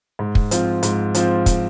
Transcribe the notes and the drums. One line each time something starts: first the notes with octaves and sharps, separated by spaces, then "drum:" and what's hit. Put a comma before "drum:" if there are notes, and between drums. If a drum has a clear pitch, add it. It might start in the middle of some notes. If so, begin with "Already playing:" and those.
G#2
drum: kick
F3 C4 F4, drum: hi-hat
G#2, drum: hi-hat
F3 C4 F4, drum: hi-hat
drum: kick, hi-hat